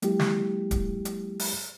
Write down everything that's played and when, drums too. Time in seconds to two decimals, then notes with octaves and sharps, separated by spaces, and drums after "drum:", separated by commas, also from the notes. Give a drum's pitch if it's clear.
0.02 F#3 G#3 A#3 E4 G4, drum: hi-hat
0.19 drum: snare
0.71 drum: kick D1, hi-hat
1.05 drum: hi-hat
1.39 drum: open hi-hat